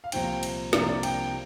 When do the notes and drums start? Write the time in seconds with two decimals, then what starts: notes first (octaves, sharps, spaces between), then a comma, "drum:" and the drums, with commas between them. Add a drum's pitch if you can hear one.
0.04 F5
0.12 C2 A#2 F3 C4 G5, drum: cymbal
0.43 drum: cymbal
0.73 C2 C3 F3 A#3 D4 D5, drum: snare
0.88 D5
1.03 G5, drum: cymbal